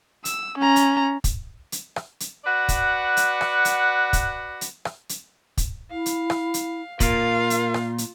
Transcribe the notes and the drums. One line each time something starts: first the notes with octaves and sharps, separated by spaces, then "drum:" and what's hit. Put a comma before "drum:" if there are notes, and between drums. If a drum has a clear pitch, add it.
E6, drum: hi-hat
C#4 A#5
drum: hi-hat
drum: kick, hi-hat
drum: hi-hat
drum: rim click
drum: hi-hat
F#4 B4 D5 F#5
drum: kick, hi-hat
drum: hi-hat
drum: rim click
drum: hi-hat
drum: kick, hi-hat
drum: hi-hat
drum: rim click
drum: hi-hat
drum: kick, hi-hat
E4 F5
drum: hi-hat
drum: rim click
drum: hi-hat
A#2 F4 A#4 F5, drum: kick, hi-hat
drum: hi-hat
drum: rim click
drum: hi-hat